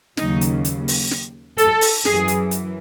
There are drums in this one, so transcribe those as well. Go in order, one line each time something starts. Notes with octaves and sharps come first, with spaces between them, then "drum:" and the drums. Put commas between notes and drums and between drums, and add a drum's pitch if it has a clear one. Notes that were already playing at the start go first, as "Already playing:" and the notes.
D#2 C#3 F#3 D#4, drum: snare
drum: hi-hat
drum: hi-hat
drum: open hi-hat
drum: snare
A4, drum: hi-hat
drum: open hi-hat
F#2 E3 G#4, drum: snare
drum: hi-hat
drum: hi-hat